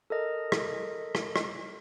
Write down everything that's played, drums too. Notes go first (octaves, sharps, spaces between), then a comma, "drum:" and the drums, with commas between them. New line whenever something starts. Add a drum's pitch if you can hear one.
A4 A#4 D#5
drum: rim click
drum: rim click
drum: rim click